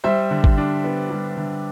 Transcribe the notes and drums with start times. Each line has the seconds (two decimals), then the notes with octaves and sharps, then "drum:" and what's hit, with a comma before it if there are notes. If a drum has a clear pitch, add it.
0.04 G3 C5 E5
0.31 D3
0.44 drum: kick G#1
0.58 D4
0.84 B3
1.10 G3
1.37 D3